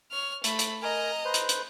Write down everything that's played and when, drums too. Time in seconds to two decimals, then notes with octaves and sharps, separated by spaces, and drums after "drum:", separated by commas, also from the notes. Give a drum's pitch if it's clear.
0.11 C#5 F6
0.44 A3 B5, drum: hi-hat
0.59 drum: hi-hat
0.82 A#4 D#5 G#5 A#5
1.25 B4 C5
1.34 drum: hi-hat
1.49 drum: hi-hat